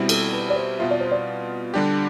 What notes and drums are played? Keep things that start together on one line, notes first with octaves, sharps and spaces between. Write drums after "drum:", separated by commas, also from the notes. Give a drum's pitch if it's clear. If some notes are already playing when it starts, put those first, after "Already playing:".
Already playing: B2 G3 C4 E4
A4, drum: cymbal
B4
D5
C5
B2 B3 F4 E5
D5
C5
D5
D3 G3 D4 G4